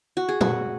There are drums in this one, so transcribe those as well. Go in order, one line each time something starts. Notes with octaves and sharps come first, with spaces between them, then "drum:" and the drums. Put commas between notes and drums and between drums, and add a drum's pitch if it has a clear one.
F#4
G#4
F#4, drum: tom A#2